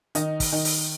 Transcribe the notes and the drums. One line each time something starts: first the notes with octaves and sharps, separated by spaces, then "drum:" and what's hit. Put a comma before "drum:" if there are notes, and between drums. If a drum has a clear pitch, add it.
D#3 D#4, drum: hi-hat
drum: kick, open hi-hat
D#3
drum: open hi-hat